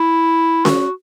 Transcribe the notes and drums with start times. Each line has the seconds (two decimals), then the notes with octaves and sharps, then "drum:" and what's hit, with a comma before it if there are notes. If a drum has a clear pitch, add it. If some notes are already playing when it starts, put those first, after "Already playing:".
Already playing: E4
0.65 F#4, drum: snare C#4